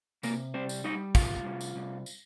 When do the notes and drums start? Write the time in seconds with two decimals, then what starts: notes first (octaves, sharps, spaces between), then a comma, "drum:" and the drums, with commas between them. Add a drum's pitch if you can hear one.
0.23 C3 A#3 A#4, drum: tambourine
0.54 G3 C4 C5
0.69 drum: tambourine
0.84 G3 D#4 D#5
1.15 C2 F4 F5, drum: kick, tambourine
1.45 C2
1.61 drum: tambourine
1.76 C2
2.06 drum: tambourine